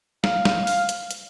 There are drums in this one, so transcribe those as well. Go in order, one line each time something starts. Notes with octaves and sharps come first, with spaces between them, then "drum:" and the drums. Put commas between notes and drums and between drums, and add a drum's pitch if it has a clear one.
F5, drum: snare
drum: snare
drum: open hi-hat
drum: hi-hat
drum: hi-hat